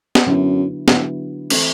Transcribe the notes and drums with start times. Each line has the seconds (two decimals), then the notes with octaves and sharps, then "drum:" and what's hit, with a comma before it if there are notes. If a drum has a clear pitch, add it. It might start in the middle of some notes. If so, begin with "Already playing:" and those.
0.15 drum: snare
0.26 F#2 D3 F#3 B3 E4
0.88 D3 F#3 B3 E4, drum: snare
1.50 E3 A3 C4, drum: cymbal